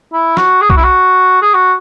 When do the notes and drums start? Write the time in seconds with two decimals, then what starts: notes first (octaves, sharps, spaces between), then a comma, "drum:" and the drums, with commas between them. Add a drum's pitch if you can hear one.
0.13 E4
0.37 F#4, drum: snare
0.61 G#4
0.70 F#4, drum: kick B1
0.77 E4
0.83 F#4
1.42 G#4
1.54 F#4